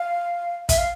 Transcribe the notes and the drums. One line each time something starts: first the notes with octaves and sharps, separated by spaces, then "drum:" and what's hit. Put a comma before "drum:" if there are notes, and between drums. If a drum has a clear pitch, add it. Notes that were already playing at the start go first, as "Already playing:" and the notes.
Already playing: F5
E5, drum: kick, hi-hat
F5